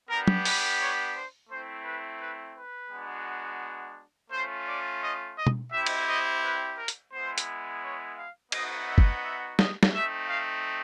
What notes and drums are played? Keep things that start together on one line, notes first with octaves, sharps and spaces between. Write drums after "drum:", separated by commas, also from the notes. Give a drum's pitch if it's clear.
B3 D4 G4 A#4
drum: tom
B4, drum: open hi-hat
C#5
C5
A3 C4 E4 C5
B4
B4
B4
G#3 B3 D4 F#4
A3 C#4 F4 C5
D5
D#5
D#5
drum: tom
C4 E4 G4 E5
drum: cymbal
D#5
B4
A#4
drum: hi-hat
G#3 B3 E4 C5
drum: hi-hat
C#5
F5
B3 D#4 F#4 D#5, drum: cymbal
E5
drum: kick G1
E5
D#5, drum: snare
drum: snare
A3 C4 D#4 E5
F5